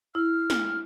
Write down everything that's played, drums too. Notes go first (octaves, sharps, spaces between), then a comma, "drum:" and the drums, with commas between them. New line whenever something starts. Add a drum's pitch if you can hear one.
E4 F6
drum: snare